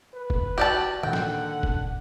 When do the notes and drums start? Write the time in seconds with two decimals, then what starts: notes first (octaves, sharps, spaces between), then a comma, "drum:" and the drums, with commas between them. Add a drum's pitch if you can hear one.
0.13 B4
0.30 drum: kick
0.58 F#4 G4 D5 A5
1.03 A#2 D3 D#3 F#5 G5
1.13 drum: snare
1.63 drum: kick